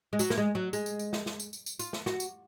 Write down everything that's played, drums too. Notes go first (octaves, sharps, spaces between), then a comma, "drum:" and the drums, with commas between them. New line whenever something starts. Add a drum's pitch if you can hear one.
G#3
F#3, drum: tambourine
A#3, drum: snare
G#3
F#3
G#3, drum: tambourine
drum: tambourine
drum: tambourine
drum: snare
drum: snare
drum: tambourine
drum: tambourine
drum: tambourine
F4, drum: tambourine
drum: snare
F#4, drum: snare
drum: tambourine